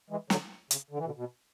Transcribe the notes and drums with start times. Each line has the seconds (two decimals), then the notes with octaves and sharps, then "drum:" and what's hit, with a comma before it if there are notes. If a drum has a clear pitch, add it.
0.10 E3 G#3
0.30 D3 F#3, drum: snare
0.71 C#3, drum: hi-hat
0.91 D3
0.98 E3
1.05 B2 D3
1.17 B2